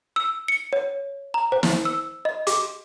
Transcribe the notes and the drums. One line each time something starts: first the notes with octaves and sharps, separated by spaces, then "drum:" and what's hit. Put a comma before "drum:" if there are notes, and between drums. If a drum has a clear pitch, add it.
E6
C#7
C#5
A#5
C5
drum: snare
E6
D#5
D6, drum: hi-hat